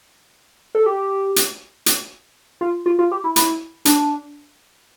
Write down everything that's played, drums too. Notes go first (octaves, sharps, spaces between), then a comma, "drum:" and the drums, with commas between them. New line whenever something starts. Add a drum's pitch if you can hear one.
A4
G4
drum: hi-hat
drum: hi-hat
F4
F4
F4
G4
E4
E4, drum: hi-hat
D4, drum: hi-hat